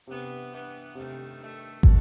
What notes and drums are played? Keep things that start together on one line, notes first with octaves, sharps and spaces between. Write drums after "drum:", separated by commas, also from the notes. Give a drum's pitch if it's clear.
G2 C3 E3 B3
G2 E3 B3
G2 C3 D#3 A3
G2 D#3 A3
B2 F#4 A4, drum: kick